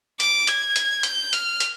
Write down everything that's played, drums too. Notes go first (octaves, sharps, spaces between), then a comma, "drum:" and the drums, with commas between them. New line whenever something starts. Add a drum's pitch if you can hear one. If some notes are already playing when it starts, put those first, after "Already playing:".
D6, drum: hi-hat
G#6, drum: hi-hat
drum: hi-hat
G6, drum: hi-hat
F6, drum: hi-hat
drum: hi-hat